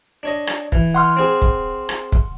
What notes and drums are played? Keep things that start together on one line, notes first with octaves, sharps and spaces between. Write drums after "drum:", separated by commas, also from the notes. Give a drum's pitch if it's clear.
D4 C#5 D#5
drum: rim click
E3, drum: kick
F#5 C6 F6
C4 G#4
drum: kick
drum: rim click
drum: kick